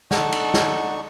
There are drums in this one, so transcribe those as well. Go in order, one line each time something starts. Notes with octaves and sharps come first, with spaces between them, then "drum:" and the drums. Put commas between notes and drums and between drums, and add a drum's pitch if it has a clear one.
D4 D#4 A4 F#5 C#6, drum: snare
drum: cymbal
drum: snare